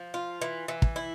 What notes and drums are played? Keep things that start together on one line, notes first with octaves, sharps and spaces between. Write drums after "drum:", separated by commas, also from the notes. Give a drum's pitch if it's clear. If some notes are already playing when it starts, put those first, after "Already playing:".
Already playing: F3
F4
E3
E3
drum: kick
E4